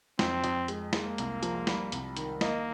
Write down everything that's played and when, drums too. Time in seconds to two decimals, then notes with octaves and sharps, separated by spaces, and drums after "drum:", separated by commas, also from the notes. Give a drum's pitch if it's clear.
0.19 F2 C4, drum: snare
0.44 F2, drum: hi-hat
0.68 G#3, drum: hi-hat
0.93 G#3 A#3, drum: snare
1.18 C2, drum: hi-hat
1.43 F3, drum: hi-hat
1.67 G3, drum: snare
1.92 C2, drum: hi-hat
2.17 D#3, drum: hi-hat
2.41 A#3 D#5, drum: snare